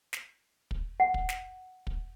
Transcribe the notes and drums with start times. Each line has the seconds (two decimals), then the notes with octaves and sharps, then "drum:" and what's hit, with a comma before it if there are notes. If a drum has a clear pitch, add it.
0.13 drum: snare
0.71 drum: kick
1.00 F#5
1.14 drum: kick
1.29 drum: snare
1.87 drum: kick